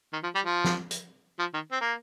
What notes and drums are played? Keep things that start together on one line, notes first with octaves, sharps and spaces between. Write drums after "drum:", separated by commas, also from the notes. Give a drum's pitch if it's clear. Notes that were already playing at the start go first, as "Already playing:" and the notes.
D#3
F3
G3
F3
drum: snare
drum: hi-hat
F3
D#3
C4
A#3